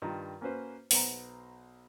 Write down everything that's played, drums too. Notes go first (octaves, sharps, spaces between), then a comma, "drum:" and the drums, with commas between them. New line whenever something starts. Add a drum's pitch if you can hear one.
G2 D#3 F4 A#5
A#3 C#4 F#4 B4 C5
B1 B3 C5 A#5, drum: open hi-hat